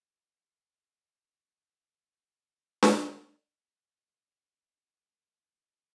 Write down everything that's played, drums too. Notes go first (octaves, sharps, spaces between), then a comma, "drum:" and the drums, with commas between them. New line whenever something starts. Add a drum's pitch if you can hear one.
F#4
F#4
drum: snare D4
A#3
C#4
A#3
G#3
A#3
C#4
D#4
D#4
G#3
A#3
D#4